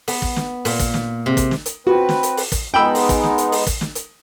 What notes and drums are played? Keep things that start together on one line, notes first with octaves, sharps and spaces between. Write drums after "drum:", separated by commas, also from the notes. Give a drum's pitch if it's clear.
B3, drum: open hi-hat
drum: kick
drum: snare
A#2, drum: open hi-hat
drum: kick, hi-hat
drum: snare
C3
drum: kick, hi-hat
drum: snare
drum: hi-hat
C4 F#4 B4
drum: snare
drum: hi-hat
drum: open hi-hat
drum: kick, hi-hat
G#3 B3 D#4 G5 B5 E6
drum: open hi-hat
drum: kick, hi-hat
drum: snare
drum: hi-hat
drum: open hi-hat
drum: kick, hi-hat
drum: snare
drum: hi-hat